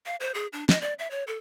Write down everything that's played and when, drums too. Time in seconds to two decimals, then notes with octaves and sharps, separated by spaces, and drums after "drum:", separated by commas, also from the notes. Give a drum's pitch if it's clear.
0.06 F5
0.20 C5
0.34 G#4
0.53 D4
0.69 D#5, drum: snare
0.81 D5
0.99 E5
1.11 C#5
1.27 A4